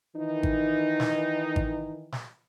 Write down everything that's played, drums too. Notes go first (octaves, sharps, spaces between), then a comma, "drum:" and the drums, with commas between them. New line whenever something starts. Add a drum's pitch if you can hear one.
D#3 E3 D#4
drum: kick G#1
drum: snare
drum: kick G#1
drum: snare